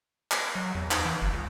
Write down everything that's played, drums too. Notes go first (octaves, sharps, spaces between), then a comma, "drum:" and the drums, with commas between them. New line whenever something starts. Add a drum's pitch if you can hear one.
drum: clap
F#3
E2
D#4, drum: clap
E3
G1
C#2